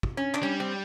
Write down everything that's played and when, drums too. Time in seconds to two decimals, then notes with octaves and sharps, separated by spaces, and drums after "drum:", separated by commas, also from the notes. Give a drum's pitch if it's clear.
0.03 drum: kick
0.17 C#4
0.34 D4, drum: clap
0.43 G3 C#4
0.60 C4